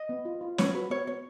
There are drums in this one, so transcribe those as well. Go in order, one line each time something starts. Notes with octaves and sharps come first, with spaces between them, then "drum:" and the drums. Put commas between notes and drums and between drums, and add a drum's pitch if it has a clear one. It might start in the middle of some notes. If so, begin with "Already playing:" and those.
Already playing: D#5
B3
F4
F4
B3 C#5, drum: snare
F#4 B4
B3 C#5
B3 C#5